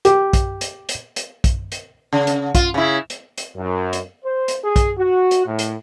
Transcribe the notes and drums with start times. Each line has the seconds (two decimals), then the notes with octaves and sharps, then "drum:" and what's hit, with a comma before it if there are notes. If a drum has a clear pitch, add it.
0.05 G4, drum: hi-hat
0.33 drum: kick, hi-hat
0.61 drum: hi-hat
0.89 drum: hi-hat
1.16 drum: hi-hat
1.44 drum: kick, hi-hat
1.72 drum: hi-hat
2.13 C#3
2.27 drum: hi-hat
2.55 F4, drum: kick, hi-hat
2.74 C#3 E4
3.10 drum: hi-hat
3.38 drum: hi-hat
3.56 F#2
3.93 drum: hi-hat
4.25 C5
4.48 drum: hi-hat
4.63 G#4
4.76 drum: kick, hi-hat
4.98 F#4
5.31 drum: hi-hat
5.46 A2
5.59 drum: hi-hat